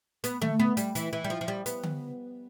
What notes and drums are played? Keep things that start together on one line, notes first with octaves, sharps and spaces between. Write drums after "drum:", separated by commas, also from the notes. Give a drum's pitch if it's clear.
B3, drum: hi-hat
A3, drum: tom D3
B3
G3, drum: hi-hat
E3, drum: hi-hat
E3
G3
F3
F3
G3
B3, drum: hi-hat
drum: tom D3